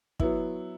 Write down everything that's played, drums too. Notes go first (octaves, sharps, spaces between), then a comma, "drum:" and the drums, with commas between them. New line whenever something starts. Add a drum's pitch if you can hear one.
F#3 B3 E4, drum: kick